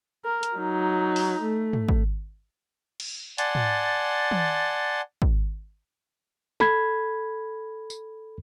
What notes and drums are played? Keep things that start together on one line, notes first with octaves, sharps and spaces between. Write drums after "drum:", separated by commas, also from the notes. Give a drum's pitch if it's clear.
A#4
drum: hi-hat
F#3 D#4
drum: open hi-hat
A3
drum: tom
drum: kick
drum: cymbal
D5 F#5 G#5 A5 C6, drum: hi-hat
drum: tom
drum: tom
drum: kick
A4 B5 G#6, drum: snare
drum: tambourine